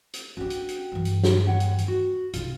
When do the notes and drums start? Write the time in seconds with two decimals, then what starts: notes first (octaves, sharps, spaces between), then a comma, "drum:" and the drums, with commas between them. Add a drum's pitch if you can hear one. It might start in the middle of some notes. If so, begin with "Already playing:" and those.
0.14 drum: hi-hat
0.37 C#4 D4 F#4 G4
0.50 drum: hi-hat
0.69 drum: hi-hat
0.92 G2 E3
1.05 drum: hi-hat
1.24 drum: snare
1.47 D#2 C#5 F#5
1.60 drum: hi-hat
1.78 drum: hi-hat
1.88 F#4
2.33 C3 D#4 F4, drum: hi-hat